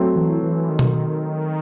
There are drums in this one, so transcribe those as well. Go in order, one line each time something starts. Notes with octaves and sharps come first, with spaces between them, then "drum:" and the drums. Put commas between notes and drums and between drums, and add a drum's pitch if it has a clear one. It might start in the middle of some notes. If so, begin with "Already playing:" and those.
Already playing: F#3 A3 C4
E3
E3
D#3
drum: tom B2